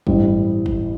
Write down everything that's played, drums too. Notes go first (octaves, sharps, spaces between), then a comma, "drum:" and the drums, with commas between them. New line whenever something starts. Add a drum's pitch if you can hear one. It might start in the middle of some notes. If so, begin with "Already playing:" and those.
A1 G2 E3 G3 C4, drum: kick
drum: kick